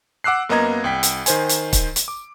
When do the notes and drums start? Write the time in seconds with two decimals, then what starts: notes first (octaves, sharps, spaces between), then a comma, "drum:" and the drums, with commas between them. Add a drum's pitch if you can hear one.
0.24 F#5 D6 E6 F#6 C7
0.49 F#2 A#3 B3 D#5 A#5 G#6
0.84 C2 G5 B6
1.03 drum: hi-hat
1.26 D#3 C5 G#5, drum: hi-hat
1.49 drum: hi-hat
1.73 drum: kick, hi-hat
1.96 drum: hi-hat
2.08 D6